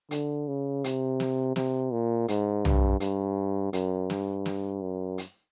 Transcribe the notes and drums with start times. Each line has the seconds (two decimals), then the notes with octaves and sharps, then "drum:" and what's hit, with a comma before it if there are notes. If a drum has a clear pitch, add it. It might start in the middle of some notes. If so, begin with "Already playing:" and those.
0.11 D3, drum: hi-hat
0.48 C#3
0.84 C3, drum: hi-hat
1.20 drum: snare
1.56 C3, drum: snare
1.92 A#2
2.28 G#2, drum: hi-hat
2.65 G2, drum: tom B1
3.00 G2, drum: hi-hat
3.73 F#2, drum: hi-hat
4.10 G2, drum: snare
4.46 drum: snare
4.81 F#2
5.18 drum: hi-hat